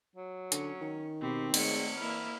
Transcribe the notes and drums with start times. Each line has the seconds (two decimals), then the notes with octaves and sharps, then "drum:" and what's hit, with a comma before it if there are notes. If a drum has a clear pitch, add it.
0.16 F#3
0.52 D3 C#4, drum: hi-hat
0.81 D#3
1.22 B2 C4 G4
1.54 G#3 A3 C#5, drum: cymbal
1.97 E3 A#3 E4 F6